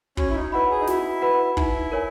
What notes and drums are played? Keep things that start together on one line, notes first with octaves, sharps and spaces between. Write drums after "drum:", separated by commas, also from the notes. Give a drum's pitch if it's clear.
C#4 F#4, drum: kick
E4
D#4
E4 B4 F#5 B5
G#4
D#4
E4 F#4, drum: snare
B4 F#5 B5
D#4 E4, drum: kick
A#4 C#5 G#5